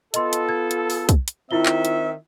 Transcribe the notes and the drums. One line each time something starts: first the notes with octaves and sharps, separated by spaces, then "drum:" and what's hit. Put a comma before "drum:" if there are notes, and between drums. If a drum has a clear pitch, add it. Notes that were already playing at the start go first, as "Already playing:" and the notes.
B3 F4 A4 D#5 C6, drum: hi-hat
drum: hi-hat
G#6
drum: hi-hat
drum: open hi-hat
drum: kick, hi-hat
drum: hi-hat
D#3 C4 E4 F4 E5 G7
drum: clap
drum: hi-hat